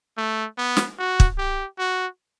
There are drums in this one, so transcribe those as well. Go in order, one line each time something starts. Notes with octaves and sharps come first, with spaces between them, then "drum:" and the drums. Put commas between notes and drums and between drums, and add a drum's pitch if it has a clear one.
A3
B3
drum: snare
F#4
drum: kick
G4
F#4